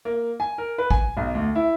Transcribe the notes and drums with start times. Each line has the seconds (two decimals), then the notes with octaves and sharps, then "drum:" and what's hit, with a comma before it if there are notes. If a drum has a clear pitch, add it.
0.05 A#3
0.40 G#5
0.58 A#4
0.78 B4
0.91 G#5, drum: kick
1.17 B1
1.34 D2
1.55 E4